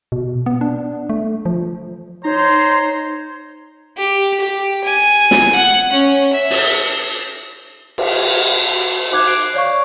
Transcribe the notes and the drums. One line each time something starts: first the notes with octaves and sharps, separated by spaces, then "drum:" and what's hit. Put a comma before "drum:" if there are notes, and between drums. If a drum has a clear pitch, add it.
B2
B3
D4
A3
F3
D#4 C5 C#5 A#5 C6
G4
G4
G#5
drum: snare
F#5
C#4
E5
drum: open hi-hat
drum: cymbal
D#4 C5 D6 F#6 G#6
F#6 G#6 C7 D7
C#5 D5 F5 C#6